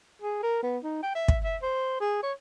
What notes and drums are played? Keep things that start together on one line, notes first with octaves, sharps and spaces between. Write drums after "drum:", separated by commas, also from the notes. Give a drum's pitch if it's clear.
G#4
A#4
B3
D#4
G5
E5
drum: kick
E5
C5
G#4
C#5